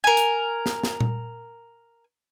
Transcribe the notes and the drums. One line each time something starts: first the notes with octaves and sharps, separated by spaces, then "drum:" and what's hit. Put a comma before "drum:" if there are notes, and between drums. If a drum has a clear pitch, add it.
A#4 G#5
drum: hi-hat
drum: snare
drum: snare
drum: tom A#2